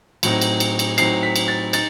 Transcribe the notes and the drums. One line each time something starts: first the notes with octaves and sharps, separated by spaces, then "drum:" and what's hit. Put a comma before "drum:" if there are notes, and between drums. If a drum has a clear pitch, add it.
A2 F#3 C4 D#4, drum: cymbal
drum: cymbal
drum: cymbal
drum: cymbal
A2 F#3 C4 D#4 C7, drum: cymbal
B6
drum: cymbal
A6
D#4 A6, drum: cymbal